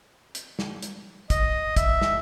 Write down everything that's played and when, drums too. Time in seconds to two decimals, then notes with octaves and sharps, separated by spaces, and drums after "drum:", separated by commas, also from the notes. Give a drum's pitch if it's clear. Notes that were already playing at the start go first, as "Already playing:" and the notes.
0.35 drum: hi-hat
0.59 drum: snare
0.83 drum: hi-hat
1.30 D#5, drum: kick, hi-hat
1.76 E5, drum: kick, hi-hat
2.02 drum: snare